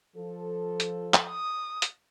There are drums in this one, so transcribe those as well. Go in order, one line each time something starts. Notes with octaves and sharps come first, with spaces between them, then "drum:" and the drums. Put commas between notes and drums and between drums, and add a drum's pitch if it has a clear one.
F3 A4
drum: hi-hat
drum: clap
D#6
drum: hi-hat